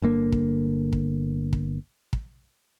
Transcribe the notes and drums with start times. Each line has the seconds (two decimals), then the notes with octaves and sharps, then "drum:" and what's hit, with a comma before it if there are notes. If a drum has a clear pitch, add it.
0.02 G1 D3 A#3
0.32 drum: kick
0.93 drum: kick
1.53 drum: kick
2.13 drum: kick